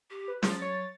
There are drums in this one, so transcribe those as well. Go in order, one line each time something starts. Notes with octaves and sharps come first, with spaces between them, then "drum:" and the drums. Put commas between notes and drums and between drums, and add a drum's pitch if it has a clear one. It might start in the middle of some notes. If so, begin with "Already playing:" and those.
G4
B4
F3 F#3 A6, drum: snare
C#5